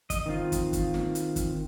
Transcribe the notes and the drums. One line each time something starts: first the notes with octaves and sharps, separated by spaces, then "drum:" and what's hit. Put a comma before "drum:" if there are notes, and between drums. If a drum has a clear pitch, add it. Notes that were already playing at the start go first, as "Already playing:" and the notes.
D#5, drum: kick, hi-hat
D#3 C4 F4
drum: kick, hi-hat
drum: kick, hi-hat
drum: snare
drum: hi-hat
drum: kick, hi-hat